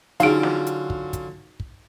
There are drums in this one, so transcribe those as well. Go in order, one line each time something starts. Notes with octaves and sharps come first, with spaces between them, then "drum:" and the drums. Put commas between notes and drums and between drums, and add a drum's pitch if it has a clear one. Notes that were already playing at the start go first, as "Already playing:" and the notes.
D3 F#3 C#4 D#4 F4 G#4 F5 D7, drum: hi-hat
drum: snare
drum: hi-hat
drum: kick
drum: kick, hi-hat
drum: kick